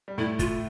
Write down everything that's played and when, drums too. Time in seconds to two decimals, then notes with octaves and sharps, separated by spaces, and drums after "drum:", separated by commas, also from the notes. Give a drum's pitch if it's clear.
0.08 G3
0.18 A2 A3 E4
0.39 F4, drum: kick, hi-hat